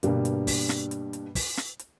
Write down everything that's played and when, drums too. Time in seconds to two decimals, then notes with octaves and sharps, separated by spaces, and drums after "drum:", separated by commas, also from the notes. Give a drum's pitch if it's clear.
0.03 G2 B2 D3 G3 A#3, drum: hi-hat
0.25 drum: hi-hat
0.47 drum: kick, open hi-hat
0.69 drum: snare
0.91 drum: hi-hat
1.13 drum: hi-hat
1.35 drum: kick, open hi-hat
1.57 drum: snare
1.79 drum: hi-hat